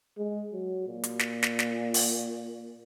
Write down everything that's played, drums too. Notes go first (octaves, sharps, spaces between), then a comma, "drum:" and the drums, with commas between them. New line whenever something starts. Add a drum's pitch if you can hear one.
G#3
F#3
A#2
drum: hi-hat
drum: snare
drum: snare
drum: snare
drum: open hi-hat